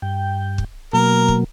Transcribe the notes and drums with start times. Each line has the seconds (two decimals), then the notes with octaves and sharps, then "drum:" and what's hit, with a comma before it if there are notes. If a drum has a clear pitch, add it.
0.02 G2 G5
0.58 drum: kick
0.93 B2 F#3 A#3 A#4
1.28 drum: kick